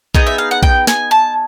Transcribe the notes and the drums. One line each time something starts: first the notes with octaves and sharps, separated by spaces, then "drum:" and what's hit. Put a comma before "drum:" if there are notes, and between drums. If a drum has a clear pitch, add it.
B3 D#4 G#4 D#5, drum: kick A#1
E5
F5
F#5
G5, drum: kick A#1
G#5, drum: snare
A5